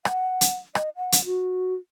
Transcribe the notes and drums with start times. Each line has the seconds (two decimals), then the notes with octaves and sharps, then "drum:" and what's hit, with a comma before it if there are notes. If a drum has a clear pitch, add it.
0.05 F#5, drum: rim click
0.41 drum: hi-hat
0.75 D#5, drum: rim click
0.96 F#5
1.12 drum: hi-hat
1.25 F#4